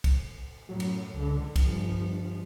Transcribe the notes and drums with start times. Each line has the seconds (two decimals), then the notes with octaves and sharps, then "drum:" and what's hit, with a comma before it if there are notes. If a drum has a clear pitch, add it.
0.04 drum: kick, cymbal
0.69 F#2 A2 F#3
0.80 drum: cymbal
1.15 C#2 D3
1.56 G1 G2 F3, drum: kick, cymbal